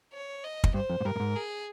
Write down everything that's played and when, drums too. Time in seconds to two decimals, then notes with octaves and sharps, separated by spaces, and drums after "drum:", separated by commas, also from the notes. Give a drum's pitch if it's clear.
0.13 C#5
0.44 D#5
0.64 drum: kick
0.74 G2 C5
0.90 F2
1.00 G#2
1.05 G2 A#4
1.16 G2
1.20 G#2
1.36 G#4